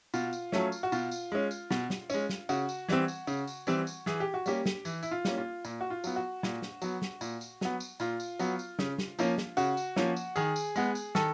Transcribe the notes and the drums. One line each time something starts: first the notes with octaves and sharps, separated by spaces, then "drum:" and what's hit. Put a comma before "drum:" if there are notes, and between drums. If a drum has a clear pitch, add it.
B2 F4, drum: tambourine
drum: tambourine
F#3 A3 C#4, drum: snare
drum: tambourine
F#4
B2 F4, drum: tambourine
drum: tambourine
G#3 C#4
drum: tambourine
B2, drum: snare
drum: snare
G#3 C#4, drum: tambourine
drum: snare
C#3 F#4, drum: tambourine
drum: tambourine
E3 G3 C4, drum: snare
drum: tambourine
C#3, drum: tambourine
drum: tambourine
E3 G3 C4, drum: tambourine
drum: tambourine
E3 G#4, drum: snare
G4
F#4
G3 A#3 C#4 G4, drum: tambourine
drum: snare
E3, drum: tambourine
E4, drum: tambourine
F4
G3 A#3 C#4, drum: snare
F4
A#2, drum: tambourine
F#4
F4
F#3 B3, drum: tambourine
F#4
A#2, drum: snare
drum: snare
F#3 B3, drum: tambourine
drum: snare
A#2, drum: tambourine
drum: tambourine
F#3 B3, drum: snare
drum: tambourine
A#2 F4, drum: tambourine
drum: tambourine
F#3 B3, drum: tambourine
drum: tambourine
C#3, drum: snare
drum: snare
F3 A#3 C#4, drum: tambourine
drum: snare
C#3 F#4, drum: tambourine
drum: tambourine
F3 A#3 C#4, drum: snare
drum: tambourine
D#3 G#4, drum: tambourine
drum: tambourine
G#3 B3, drum: tambourine
drum: tambourine
D#3 A4, drum: snare